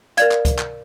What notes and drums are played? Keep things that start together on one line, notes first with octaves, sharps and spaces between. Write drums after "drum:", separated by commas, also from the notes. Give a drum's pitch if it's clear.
A#4 D5 F5 G#6, drum: hi-hat
drum: clap
drum: kick, hi-hat
drum: clap